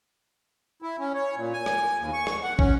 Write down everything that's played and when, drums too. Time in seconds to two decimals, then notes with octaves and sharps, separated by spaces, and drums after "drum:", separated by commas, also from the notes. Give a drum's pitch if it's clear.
0.82 E4
0.99 C#4
1.14 C#5
1.36 A#2
1.53 G#5
1.66 drum: rim click
1.99 D#2
2.13 C#6
2.27 drum: rim click
2.44 F#5
2.59 C#4, drum: kick